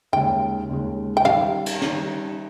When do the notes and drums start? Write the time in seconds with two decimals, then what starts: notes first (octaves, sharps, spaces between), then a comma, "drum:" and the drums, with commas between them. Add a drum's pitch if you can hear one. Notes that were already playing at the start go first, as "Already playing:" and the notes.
0.12 D#2 C#3 G#3 G5
0.69 D#2 C#3 G#3
1.17 G5
1.25 D#3 G3 C#4 F5, drum: tom
1.66 drum: cymbal
1.81 D#3 G3 C#4, drum: snare